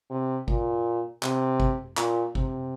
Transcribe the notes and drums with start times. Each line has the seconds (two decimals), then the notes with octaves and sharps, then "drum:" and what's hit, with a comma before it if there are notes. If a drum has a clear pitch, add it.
0.10 C3
0.48 A#2, drum: kick G#1
1.23 C3, drum: clap
1.60 drum: kick G#1
1.97 A#2, drum: clap
2.35 C3, drum: kick G#1